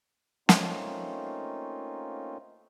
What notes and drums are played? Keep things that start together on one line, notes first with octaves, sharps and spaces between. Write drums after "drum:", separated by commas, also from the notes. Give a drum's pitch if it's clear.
A3 A#3 C4 C#4 D#4 F4, drum: snare